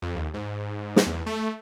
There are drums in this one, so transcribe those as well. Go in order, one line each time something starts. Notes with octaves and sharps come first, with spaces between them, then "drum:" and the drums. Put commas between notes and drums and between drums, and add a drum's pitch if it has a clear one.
F2
D#2
G#2
drum: snare
E2
A3